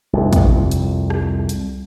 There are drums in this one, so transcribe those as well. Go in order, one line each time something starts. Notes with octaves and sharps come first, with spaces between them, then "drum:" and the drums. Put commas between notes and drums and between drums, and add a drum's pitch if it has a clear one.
C2 F2
drum: kick, hi-hat
drum: hi-hat
drum: rim click
drum: hi-hat